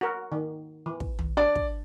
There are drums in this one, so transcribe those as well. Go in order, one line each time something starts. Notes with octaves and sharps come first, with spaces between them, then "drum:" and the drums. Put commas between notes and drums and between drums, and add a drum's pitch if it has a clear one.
F#4 A#4
D#3
E3
drum: kick
drum: tom
D4 D5
drum: kick